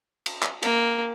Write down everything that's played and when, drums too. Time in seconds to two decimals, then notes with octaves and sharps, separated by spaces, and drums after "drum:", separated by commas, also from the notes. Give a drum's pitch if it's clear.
0.26 drum: cymbal
0.43 drum: clap
0.63 A#3, drum: cymbal